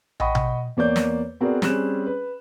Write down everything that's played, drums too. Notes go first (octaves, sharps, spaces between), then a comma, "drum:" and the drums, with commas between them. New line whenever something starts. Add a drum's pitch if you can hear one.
D#5 F#5 G5 B5 C#6, drum: tom
drum: tom B2
E2 A#3 C#5 D5 G6
drum: snare
B3 C4 F#4 G#4 A#4 D5
G3 C4 C#4 G#4 F#6 E7, drum: snare
B4